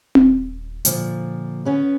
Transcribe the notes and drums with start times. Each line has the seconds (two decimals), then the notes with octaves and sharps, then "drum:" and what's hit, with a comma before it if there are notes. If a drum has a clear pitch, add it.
0.15 D#1, drum: tom C4
0.85 A#2 D3 F3, drum: hi-hat
1.65 B3 C#4 B4